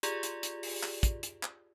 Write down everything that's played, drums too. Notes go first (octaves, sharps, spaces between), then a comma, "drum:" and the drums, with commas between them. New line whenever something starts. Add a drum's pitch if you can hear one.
F4 G4 G#4 D5, drum: hi-hat
drum: hi-hat
drum: hi-hat
drum: open hi-hat
drum: clap
drum: kick, hi-hat
drum: hi-hat
drum: clap